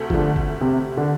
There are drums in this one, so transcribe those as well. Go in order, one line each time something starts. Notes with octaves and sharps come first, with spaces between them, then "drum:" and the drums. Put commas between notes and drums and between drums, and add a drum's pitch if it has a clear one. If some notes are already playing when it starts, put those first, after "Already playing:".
Already playing: D2 C3 A3
F3, drum: kick F#1
D3
drum: kick F#1
C3
D3